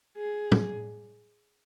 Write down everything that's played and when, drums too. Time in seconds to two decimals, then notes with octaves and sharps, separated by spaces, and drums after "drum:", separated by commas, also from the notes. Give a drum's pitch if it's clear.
0.17 G#4
0.52 drum: tom